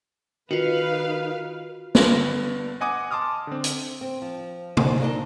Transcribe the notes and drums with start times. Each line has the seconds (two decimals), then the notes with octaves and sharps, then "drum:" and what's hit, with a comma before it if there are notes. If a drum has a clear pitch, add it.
0.51 D#3 F4 F#4 B4 F5
1.95 G2 D3 B3 A#6, drum: snare
2.81 D#5 F#5 G#5 D6 D#6
3.11 A5 C6 D6 D#6 F6
3.47 D3 C4
3.64 drum: hi-hat
4.01 C4
4.22 F3
4.77 F#2 A#2 C#3 F3 G#3, drum: tom C3
5.00 A#3 D4 D#4 A4 D#5